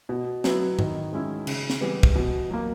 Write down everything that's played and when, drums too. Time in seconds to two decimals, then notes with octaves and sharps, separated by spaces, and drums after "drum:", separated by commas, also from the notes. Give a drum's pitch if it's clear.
0.09 B2
0.44 F#3 B3 E4, drum: snare
0.79 D#3, drum: tom G#2
1.13 G#3 C#4 E4
1.47 C#3, drum: cymbal
1.70 drum: snare
1.81 E3 G3 B3
2.03 drum: kick
2.15 B2
2.51 F#3 A#3